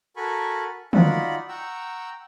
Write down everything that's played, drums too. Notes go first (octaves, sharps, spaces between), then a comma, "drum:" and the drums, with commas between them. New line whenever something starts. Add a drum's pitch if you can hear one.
F#4 A4 A#4 G#5 B5 C#6
D#4 F4 F#4 D5 F#5 B5, drum: tom D3
F#5 G5 A#5 C#6 E6